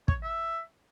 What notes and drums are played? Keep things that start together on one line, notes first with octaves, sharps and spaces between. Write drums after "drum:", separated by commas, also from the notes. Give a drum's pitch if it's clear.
C#5, drum: kick
E5